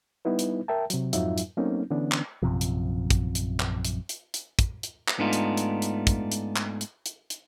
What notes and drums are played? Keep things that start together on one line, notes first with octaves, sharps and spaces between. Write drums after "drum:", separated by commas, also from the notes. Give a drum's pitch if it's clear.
G3 B3 D#4 E4 B4
drum: hi-hat
A#4 E5 G5 A5
C3 F#3, drum: hi-hat
F2 G#2 F#3 D#4 F4 E5, drum: hi-hat
drum: hi-hat
F#3 A3 A#3 C4 C#4 D#4
D3 E3 B3 C#4 D4
drum: clap
A#1 F#2 C3 F3
drum: hi-hat
drum: kick, hi-hat
drum: hi-hat
drum: clap
drum: hi-hat
drum: hi-hat
drum: hi-hat
drum: kick, hi-hat
drum: hi-hat
drum: clap
G#2 A3 B3 D4 D#4 F4
drum: hi-hat
drum: hi-hat
drum: hi-hat
drum: kick, hi-hat
drum: hi-hat
drum: clap
drum: hi-hat
drum: hi-hat
drum: hi-hat